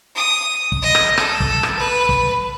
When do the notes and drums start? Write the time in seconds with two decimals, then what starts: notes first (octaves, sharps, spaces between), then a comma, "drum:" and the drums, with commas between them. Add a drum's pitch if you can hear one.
0.15 D#6
0.72 drum: kick
0.82 D#5
0.95 drum: rim click
1.18 A4, drum: rim click
1.40 drum: kick
1.63 drum: rim click
1.79 B4
2.09 drum: kick